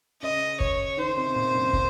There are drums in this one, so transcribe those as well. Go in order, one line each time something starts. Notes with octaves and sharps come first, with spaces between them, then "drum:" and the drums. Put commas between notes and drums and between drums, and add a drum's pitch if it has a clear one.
C#3 D#5
C#5, drum: kick
D#3 C5
C3
A#2
F#2
A#2, drum: kick